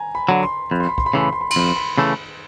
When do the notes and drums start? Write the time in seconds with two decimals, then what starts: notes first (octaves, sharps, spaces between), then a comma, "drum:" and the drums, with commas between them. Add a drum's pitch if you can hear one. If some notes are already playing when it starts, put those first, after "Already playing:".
Already playing: G#5 A#5
0.15 B5
0.29 D3 F#3
0.43 C6
0.71 F2 B5
0.80 C6
0.89 B5
0.98 C6, drum: kick
1.06 B5
1.14 C#3 E3 A3 C6
1.24 B5
1.33 C6
1.41 B5
1.51 C6, drum: cymbal
1.56 F2 B5
1.68 C6
1.76 B5
1.98 C#3 E3 A3